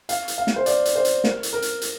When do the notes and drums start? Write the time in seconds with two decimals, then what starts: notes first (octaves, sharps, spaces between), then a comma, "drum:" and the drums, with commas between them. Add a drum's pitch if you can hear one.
0.09 F5, drum: hi-hat
0.28 drum: hi-hat
0.38 F5
0.47 drum: snare
0.56 C5
0.66 D5, drum: hi-hat
0.85 drum: hi-hat
0.96 C5
1.05 drum: hi-hat
1.24 A#4, drum: snare
1.43 drum: hi-hat
1.53 A#4
1.62 drum: hi-hat
1.82 drum: hi-hat